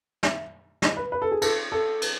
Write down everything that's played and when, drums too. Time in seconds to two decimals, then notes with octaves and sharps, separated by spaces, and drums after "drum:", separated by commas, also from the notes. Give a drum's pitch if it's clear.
0.23 E5, drum: snare
0.82 D#5, drum: snare
0.97 B4
1.12 B4
1.22 A4
1.32 G#4
1.42 A4, drum: cymbal
1.72 A4
2.02 drum: cymbal